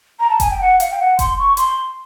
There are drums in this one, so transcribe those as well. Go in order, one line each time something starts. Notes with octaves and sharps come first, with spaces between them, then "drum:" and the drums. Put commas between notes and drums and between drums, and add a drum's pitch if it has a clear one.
A#5
A5
G#5, drum: kick F1, hi-hat
G5
F#5
F5, drum: hi-hat
G5
F#5
C6, drum: kick F1, hi-hat
C#6
C6, drum: hi-hat